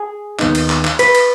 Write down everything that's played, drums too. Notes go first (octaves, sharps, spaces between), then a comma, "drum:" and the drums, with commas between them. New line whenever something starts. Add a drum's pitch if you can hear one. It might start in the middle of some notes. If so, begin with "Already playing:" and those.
Already playing: G#4
D#2 D#3 B3 D#4, drum: clap
drum: cymbal
drum: clap
drum: clap
B4, drum: cymbal
drum: cymbal